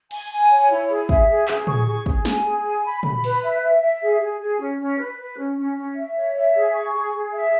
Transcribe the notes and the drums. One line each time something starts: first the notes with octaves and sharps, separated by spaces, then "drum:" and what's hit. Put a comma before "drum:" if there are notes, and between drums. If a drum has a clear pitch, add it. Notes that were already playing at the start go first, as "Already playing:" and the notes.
G#5, drum: cymbal
G#5
C#5
E4
G#4
E5, drum: kick
G#4
G#4, drum: clap
C#6, drum: tom
G#4
G#4, drum: kick
G#5, drum: snare
G#4
G#5
B5
B5, drum: tom
B4, drum: open hi-hat
E5
E5
E5
G#4
G#4
G#4
C#4
C#4
B4
B4
C#4
C#4
C#4
E5
C#5
E5
G#4
C#6
G#4
G#4
E5